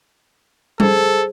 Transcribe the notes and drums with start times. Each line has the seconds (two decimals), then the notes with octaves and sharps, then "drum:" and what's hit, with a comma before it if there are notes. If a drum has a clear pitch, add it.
0.80 G#4 A4 C5, drum: tom G3